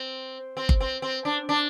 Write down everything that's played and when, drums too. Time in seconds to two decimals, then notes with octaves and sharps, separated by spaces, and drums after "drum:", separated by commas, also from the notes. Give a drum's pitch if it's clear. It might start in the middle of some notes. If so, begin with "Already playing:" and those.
Already playing: C4
0.57 C4
0.69 drum: kick G1
0.81 C4
1.02 C4
1.25 D4
1.49 D4